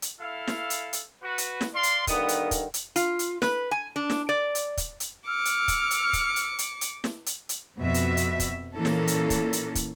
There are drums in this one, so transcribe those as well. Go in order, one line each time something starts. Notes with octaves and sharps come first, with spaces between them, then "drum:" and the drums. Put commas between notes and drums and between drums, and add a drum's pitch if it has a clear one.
drum: hi-hat
E4 A4 F5
drum: snare
drum: hi-hat
drum: hi-hat
F#4 B4
drum: hi-hat
drum: snare
D5 F5 C6
drum: hi-hat
G2 D3 D#3 B3 D#6, drum: kick, hi-hat
drum: hi-hat
drum: kick, hi-hat
drum: hi-hat
F4, drum: hi-hat
drum: hi-hat
B4, drum: snare
G#5
D4
drum: snare
D5
drum: hi-hat
drum: kick, hi-hat
drum: hi-hat
D6 E6 F6 C#7
drum: hi-hat
drum: kick, hi-hat
drum: hi-hat
drum: kick, hi-hat
drum: hi-hat
drum: hi-hat
drum: hi-hat
drum: snare
drum: hi-hat
drum: hi-hat
F2 B2 E5
drum: hi-hat
drum: hi-hat
drum: kick, hi-hat
A#2 E3 A#3 C#4 A4
drum: snare
drum: hi-hat
drum: kick, hi-hat
drum: hi-hat
drum: kick, hi-hat